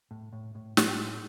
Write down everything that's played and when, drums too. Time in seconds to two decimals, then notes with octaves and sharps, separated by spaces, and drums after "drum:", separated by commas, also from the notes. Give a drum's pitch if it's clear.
0.11 A2
0.33 A2
0.55 A2
0.77 A2, drum: snare
0.99 G#3